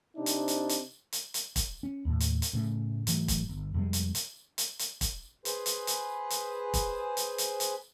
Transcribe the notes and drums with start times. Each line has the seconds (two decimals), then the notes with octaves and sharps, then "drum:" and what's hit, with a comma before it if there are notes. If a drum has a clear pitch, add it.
0.16 C3 C4 D4 D#4
0.26 drum: hi-hat
0.48 drum: hi-hat
0.69 drum: hi-hat
1.13 drum: hi-hat
1.34 drum: hi-hat
1.56 drum: kick, hi-hat
1.83 C#4
2.05 D#2 A2
2.20 drum: hi-hat
2.42 drum: hi-hat
2.53 A2 C#3 A3
3.07 G#2 E3 F#3 A3, drum: hi-hat
3.28 drum: kick, hi-hat
3.49 G1
3.74 F2 C3 G3 G#3
3.93 drum: hi-hat
4.15 drum: hi-hat
4.58 drum: hi-hat
4.79 drum: hi-hat
5.01 drum: kick, hi-hat
5.45 G#4 B4 C5, drum: hi-hat
5.66 drum: hi-hat
5.87 drum: hi-hat
6.30 drum: hi-hat
6.74 drum: kick, hi-hat
7.17 drum: hi-hat
7.38 drum: hi-hat
7.60 drum: hi-hat